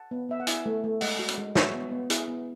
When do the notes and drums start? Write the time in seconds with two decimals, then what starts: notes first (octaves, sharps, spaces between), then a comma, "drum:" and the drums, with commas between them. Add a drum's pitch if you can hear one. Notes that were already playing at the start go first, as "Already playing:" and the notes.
Already playing: F#5 A5
0.11 B3
0.29 B3 E5
0.40 F#5
0.47 E4 E5 G#5, drum: hi-hat
0.66 A3
0.84 A3
1.01 G#3 D#5 F#5, drum: open hi-hat
1.19 F#4
1.28 drum: hi-hat
1.38 G#3
1.55 F#4 C#5 E5, drum: snare
1.74 B3
1.92 B3
2.10 E4 G#4, drum: hi-hat
2.28 B3